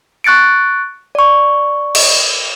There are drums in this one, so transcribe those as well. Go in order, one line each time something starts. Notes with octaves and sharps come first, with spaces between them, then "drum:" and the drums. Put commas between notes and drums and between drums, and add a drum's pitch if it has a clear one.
C#6 F#6 A6 C#7 D7
D5 C#6
drum: cymbal